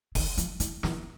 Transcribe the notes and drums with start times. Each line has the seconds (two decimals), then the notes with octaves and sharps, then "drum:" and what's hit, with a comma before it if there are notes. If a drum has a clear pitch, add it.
0.15 D#3, drum: kick F#1, open hi-hat
0.37 F3, drum: hi-hat
0.60 E3, drum: hi-hat
0.83 E3, drum: snare